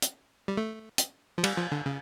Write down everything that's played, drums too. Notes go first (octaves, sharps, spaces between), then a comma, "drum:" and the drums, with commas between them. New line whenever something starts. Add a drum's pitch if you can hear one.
drum: hi-hat
G3
A3
drum: hi-hat
F3
G3, drum: cymbal
F3
D3
C#3